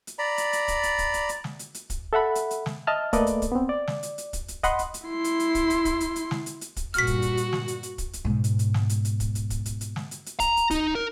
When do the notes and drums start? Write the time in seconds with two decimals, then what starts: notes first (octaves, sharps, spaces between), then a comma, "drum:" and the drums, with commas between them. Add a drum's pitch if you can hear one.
0.07 drum: hi-hat
0.19 D5 A#5 B5
0.38 drum: hi-hat
0.53 drum: hi-hat
0.68 drum: kick, hi-hat
0.83 drum: hi-hat
0.98 drum: kick, hi-hat
1.14 drum: hi-hat
1.29 drum: hi-hat
1.44 drum: snare
1.59 drum: hi-hat
1.75 drum: hi-hat
1.90 drum: kick, hi-hat
2.13 A4 E5 F#5 B5
2.35 drum: hi-hat
2.51 drum: hi-hat
2.66 drum: snare
2.87 D#5 E5 A5 F6
3.13 A3 A#3 A4 B4 D5 D#5, drum: kick, hi-hat
3.27 drum: hi-hat
3.42 drum: kick, hi-hat
3.52 B3 C4
3.69 D5
3.87 drum: snare
4.03 drum: hi-hat
4.18 drum: hi-hat
4.33 drum: kick, hi-hat
4.48 drum: hi-hat
4.64 D#5 F#5 B5 C6, drum: kick, hi-hat
4.79 drum: hi-hat
4.94 drum: hi-hat
5.06 E4 C6
5.24 drum: hi-hat
5.40 drum: hi-hat
5.55 drum: kick, hi-hat
5.70 drum: hi-hat
5.85 drum: kick, hi-hat
6.00 drum: hi-hat
6.16 drum: hi-hat
6.31 drum: snare
6.46 drum: hi-hat
6.61 drum: hi-hat
6.77 drum: kick, hi-hat
6.94 G2 A#2 F#4 F6 B6, drum: hi-hat
7.07 drum: kick, hi-hat
7.22 drum: hi-hat
7.37 drum: hi-hat
7.53 drum: snare
7.68 drum: hi-hat
7.83 drum: hi-hat
7.98 drum: kick, hi-hat
8.13 drum: hi-hat
8.25 G#2 B2
8.44 drum: hi-hat
8.59 drum: hi-hat
8.74 drum: snare
8.89 drum: hi-hat
9.05 drum: hi-hat
9.20 drum: kick, hi-hat
9.35 drum: hi-hat
9.50 drum: kick, hi-hat
9.66 drum: hi-hat
9.81 drum: hi-hat
9.96 drum: snare
10.11 drum: hi-hat
10.26 drum: hi-hat
10.40 A#5, drum: kick, hi-hat
10.57 drum: hi-hat
10.71 D#4, drum: kick, hi-hat
10.95 A#4